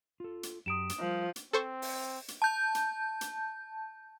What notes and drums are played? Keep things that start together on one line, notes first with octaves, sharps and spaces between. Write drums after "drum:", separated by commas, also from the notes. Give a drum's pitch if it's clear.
F4 A4
drum: hi-hat
F#2 G4 A#5 D#6 D7 E7
drum: hi-hat
F3 G3 A#4
drum: hi-hat
C4 A4 C5 C#6
drum: open hi-hat
drum: hi-hat
A5 G6
drum: hi-hat
drum: hi-hat